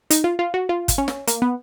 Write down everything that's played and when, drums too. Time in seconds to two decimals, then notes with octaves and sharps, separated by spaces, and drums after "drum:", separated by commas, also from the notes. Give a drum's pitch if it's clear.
0.10 D#4, drum: hi-hat
0.24 F4
0.39 F4
0.54 F#4
0.69 F4
0.88 drum: kick, hi-hat
0.98 C#4
1.08 drum: snare
1.27 A#3, drum: hi-hat
1.42 B3